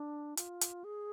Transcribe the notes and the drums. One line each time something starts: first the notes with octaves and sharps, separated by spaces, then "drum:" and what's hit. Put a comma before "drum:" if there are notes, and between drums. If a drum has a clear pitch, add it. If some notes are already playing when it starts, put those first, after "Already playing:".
Already playing: D4
F4, drum: hi-hat
drum: hi-hat
G#4